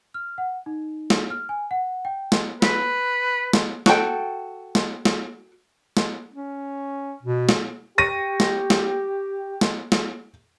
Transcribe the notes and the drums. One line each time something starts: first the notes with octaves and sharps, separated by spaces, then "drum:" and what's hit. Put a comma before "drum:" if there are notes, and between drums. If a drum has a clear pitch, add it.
F6
F#5
D#4
drum: snare
F6
G#5
F#5
G5
drum: snare
B4, drum: snare
drum: snare
F#4 A4 G5, drum: snare
drum: snare
drum: snare
drum: snare
C#4
B2
drum: snare
G4 C#6 A#6 D#7
drum: snare
drum: snare
drum: snare
drum: snare